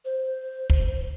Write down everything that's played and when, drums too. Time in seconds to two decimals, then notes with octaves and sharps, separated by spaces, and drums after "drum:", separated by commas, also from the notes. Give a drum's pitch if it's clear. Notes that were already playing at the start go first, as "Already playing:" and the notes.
0.05 C5
0.70 drum: kick